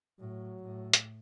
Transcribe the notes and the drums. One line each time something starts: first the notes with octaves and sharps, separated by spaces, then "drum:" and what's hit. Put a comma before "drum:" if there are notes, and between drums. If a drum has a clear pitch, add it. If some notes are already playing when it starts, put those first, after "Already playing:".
A2 F#3
A2
drum: hi-hat